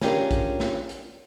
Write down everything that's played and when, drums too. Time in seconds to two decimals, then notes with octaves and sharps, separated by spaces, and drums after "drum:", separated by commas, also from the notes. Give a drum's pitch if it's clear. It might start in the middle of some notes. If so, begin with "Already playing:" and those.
0.01 C#4 D4 F4 G4 G#4 A#4, drum: snare
0.31 drum: kick A#1, hi-hat
0.60 drum: snare
0.89 drum: hi-hat